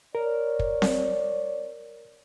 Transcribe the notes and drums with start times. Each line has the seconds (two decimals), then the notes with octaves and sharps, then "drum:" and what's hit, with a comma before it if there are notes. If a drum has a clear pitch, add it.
0.15 A#4 C#5 D5
0.59 drum: kick
0.82 drum: snare C4